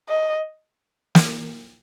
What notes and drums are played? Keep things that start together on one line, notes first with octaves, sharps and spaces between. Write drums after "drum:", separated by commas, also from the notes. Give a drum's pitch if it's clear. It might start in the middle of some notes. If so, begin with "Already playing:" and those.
D#5
drum: snare